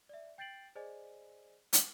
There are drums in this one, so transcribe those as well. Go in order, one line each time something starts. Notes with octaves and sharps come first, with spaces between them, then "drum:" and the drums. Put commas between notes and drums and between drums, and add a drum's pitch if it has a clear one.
D5 E5
G5 G6 A6 C7 D7 F#7
G#4 C5 D5 D#5 G#5
drum: hi-hat